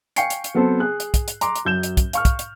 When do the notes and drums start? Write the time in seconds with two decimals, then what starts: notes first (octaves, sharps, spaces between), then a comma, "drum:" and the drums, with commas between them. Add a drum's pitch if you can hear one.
0.16 F5 G5 G#5 C#6 C7 C#7, drum: hi-hat
0.30 drum: hi-hat
0.44 drum: hi-hat
0.55 F#3 B3 C4 A4 C5
0.80 G#4 F#6
1.00 drum: hi-hat
1.14 drum: kick, hi-hat
1.28 drum: hi-hat
1.41 A#5 C6 D6, drum: hi-hat
1.56 drum: hi-hat
1.65 F#2 G6 E7
1.83 drum: hi-hat
1.97 drum: kick, hi-hat
2.13 F5 C#6 F6, drum: hi-hat
2.25 drum: kick, hi-hat
2.39 drum: hi-hat